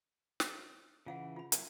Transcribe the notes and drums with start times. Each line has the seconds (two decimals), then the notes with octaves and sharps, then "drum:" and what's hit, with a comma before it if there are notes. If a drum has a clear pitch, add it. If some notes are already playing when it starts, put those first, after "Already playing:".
0.40 drum: snare
1.06 C#3 E3 F4 F5 F#5
1.36 F4 B5
1.52 F#3 E4, drum: hi-hat